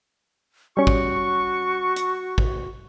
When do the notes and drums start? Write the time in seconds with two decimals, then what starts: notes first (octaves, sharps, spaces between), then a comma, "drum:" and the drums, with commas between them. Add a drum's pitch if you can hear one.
0.77 G3 C#4 F#4 C#6
0.87 drum: kick
1.96 drum: hi-hat
2.38 drum: kick